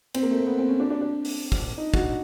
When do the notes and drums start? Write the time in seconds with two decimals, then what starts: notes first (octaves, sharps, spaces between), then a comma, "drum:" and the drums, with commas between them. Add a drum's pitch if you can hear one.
0.14 C4, drum: cymbal
0.23 A#3
0.31 A3
0.38 A#3
0.47 B3
0.58 C4
0.69 C#4
0.80 D4
0.90 D4
1.01 D4
1.25 drum: open hi-hat
1.52 drum: kick
1.78 D#4
1.94 F#4, drum: kick